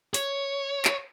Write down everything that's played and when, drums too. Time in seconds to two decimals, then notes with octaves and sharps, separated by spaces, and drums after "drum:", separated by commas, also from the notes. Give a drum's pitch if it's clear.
0.14 C#5, drum: hi-hat
0.85 drum: clap